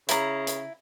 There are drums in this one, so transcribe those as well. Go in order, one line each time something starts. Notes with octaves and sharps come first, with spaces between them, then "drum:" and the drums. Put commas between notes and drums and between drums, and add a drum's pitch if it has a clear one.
C#3 E4 A#5, drum: hi-hat
drum: hi-hat